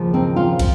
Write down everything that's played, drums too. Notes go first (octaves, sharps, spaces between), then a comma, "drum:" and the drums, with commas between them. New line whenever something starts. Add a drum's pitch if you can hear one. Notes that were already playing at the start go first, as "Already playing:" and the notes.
Already playing: D#2 C#3 F3
C4 D#4
C#4 F4
F3, drum: kick, cymbal